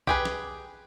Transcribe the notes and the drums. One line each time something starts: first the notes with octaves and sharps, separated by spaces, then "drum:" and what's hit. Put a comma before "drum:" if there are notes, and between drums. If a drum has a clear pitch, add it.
G4 G#4 B4, drum: kick B1
drum: snare